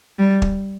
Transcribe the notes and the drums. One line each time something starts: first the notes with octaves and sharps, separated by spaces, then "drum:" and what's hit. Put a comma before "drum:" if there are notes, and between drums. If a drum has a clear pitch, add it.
G3
drum: kick